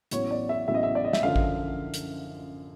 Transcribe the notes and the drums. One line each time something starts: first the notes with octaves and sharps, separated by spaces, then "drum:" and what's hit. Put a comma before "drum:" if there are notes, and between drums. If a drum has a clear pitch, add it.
A1 A2 F#3 B3 C#5, drum: hi-hat
D5
E5
A1 A2 F#3 B3 E5
D#5
E5
D5
D#5
E5, drum: snare
F#2 D3 F3 F5
drum: kick
drum: hi-hat